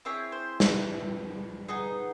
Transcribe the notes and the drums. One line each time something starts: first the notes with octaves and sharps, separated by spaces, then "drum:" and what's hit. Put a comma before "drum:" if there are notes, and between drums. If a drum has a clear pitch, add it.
C4 E4 G#4 C#5
C5
B4, drum: snare
B3 D#4 G#4